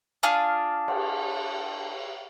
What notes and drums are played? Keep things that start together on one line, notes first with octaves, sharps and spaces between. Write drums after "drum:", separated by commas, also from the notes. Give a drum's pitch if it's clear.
D4 F4 G#4 F5
drum: cymbal